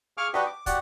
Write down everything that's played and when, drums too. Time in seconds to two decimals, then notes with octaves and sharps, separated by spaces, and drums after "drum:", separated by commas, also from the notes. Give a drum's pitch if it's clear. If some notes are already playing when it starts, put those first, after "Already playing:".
0.17 G#4 F5 C#6 D6 F6
0.34 D4 F#4 G4 B4 D#5, drum: rim click
0.47 D6
0.66 F#4 G4 D5 F#5, drum: kick, hi-hat